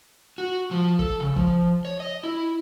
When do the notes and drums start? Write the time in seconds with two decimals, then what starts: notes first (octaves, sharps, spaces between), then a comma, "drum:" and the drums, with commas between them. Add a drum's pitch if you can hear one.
0.38 F#4
0.71 F3
0.99 A4, drum: kick
1.20 C#3
1.36 F3, drum: kick
1.85 C#5
2.00 D#5
2.23 E4